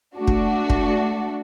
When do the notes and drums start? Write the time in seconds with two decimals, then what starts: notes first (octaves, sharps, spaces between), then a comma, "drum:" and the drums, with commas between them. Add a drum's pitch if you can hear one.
0.17 A3 D4 F#4
0.27 drum: kick
0.70 drum: kick